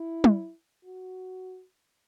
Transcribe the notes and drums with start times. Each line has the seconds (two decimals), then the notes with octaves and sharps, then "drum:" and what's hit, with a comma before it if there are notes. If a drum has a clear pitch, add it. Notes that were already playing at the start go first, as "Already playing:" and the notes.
Already playing: E4
0.24 drum: tom
0.85 F#4